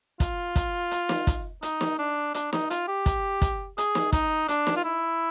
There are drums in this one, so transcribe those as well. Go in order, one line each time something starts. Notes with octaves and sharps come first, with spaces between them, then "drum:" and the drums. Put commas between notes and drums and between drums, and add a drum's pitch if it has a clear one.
F4, drum: kick, hi-hat
drum: kick, hi-hat
drum: hi-hat
drum: snare
drum: kick, hi-hat
D#4, drum: hi-hat
drum: snare
D4
D4, drum: hi-hat
D#4, drum: snare
F4, drum: hi-hat
G4
drum: kick, hi-hat
drum: kick, hi-hat
G#4, drum: hi-hat
drum: snare
D#4, drum: kick, hi-hat
D4, drum: hi-hat
drum: snare
F4
E4